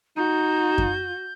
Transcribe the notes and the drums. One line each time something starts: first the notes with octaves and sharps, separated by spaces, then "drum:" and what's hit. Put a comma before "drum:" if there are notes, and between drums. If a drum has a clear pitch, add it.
D#4 F#4 G6
drum: kick F#2